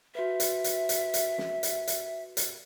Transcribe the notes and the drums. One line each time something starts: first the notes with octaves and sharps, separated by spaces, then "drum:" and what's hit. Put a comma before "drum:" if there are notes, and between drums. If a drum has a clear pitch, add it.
F#4 B4 E5
drum: hi-hat
drum: hi-hat
drum: hi-hat
drum: hi-hat
drum: snare
drum: hi-hat
drum: hi-hat
drum: hi-hat